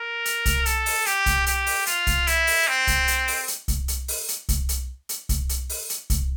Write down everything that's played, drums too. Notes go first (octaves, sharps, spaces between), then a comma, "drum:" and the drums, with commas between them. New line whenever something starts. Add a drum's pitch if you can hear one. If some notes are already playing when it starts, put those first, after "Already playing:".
Already playing: A#4
drum: hi-hat
drum: kick C2, hi-hat
A4, drum: hi-hat
drum: open hi-hat
G4, drum: hi-hat
drum: kick C2, hi-hat
G4, drum: hi-hat
drum: open hi-hat
F4, drum: hi-hat
drum: kick C2, hi-hat
E4, drum: hi-hat
drum: open hi-hat
C4
drum: kick C2, hi-hat
drum: hi-hat
drum: open hi-hat
drum: hi-hat
drum: kick C2, hi-hat
drum: hi-hat
drum: open hi-hat
drum: hi-hat
drum: kick C2, hi-hat
drum: hi-hat
drum: hi-hat
drum: kick C2, hi-hat
drum: hi-hat
drum: open hi-hat
drum: hi-hat
drum: kick C2, hi-hat